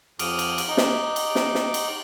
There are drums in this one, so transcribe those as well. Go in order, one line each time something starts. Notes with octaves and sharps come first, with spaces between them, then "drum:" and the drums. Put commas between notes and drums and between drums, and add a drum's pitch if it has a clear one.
F2 D6 D#6 F6, drum: cymbal
drum: cymbal
drum: cymbal
D#4 D6
drum: snare
drum: cymbal
drum: snare
drum: snare
drum: cymbal